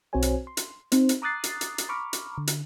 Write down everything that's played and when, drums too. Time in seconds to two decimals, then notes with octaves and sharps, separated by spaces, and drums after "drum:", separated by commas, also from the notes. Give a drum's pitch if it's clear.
0.13 B1 C4 F#4 C5 C#5 G#5
0.22 drum: hi-hat
0.47 C6
0.57 drum: hi-hat
0.92 C4 D#4 C5, drum: hi-hat
1.09 drum: hi-hat
1.22 A#5 D6 D#6 F#6 A6 C7
1.44 drum: hi-hat
1.61 drum: hi-hat
1.78 drum: hi-hat
1.89 A#5 B5 C#6 D6 F6
2.13 drum: hi-hat
2.38 D3
2.47 drum: hi-hat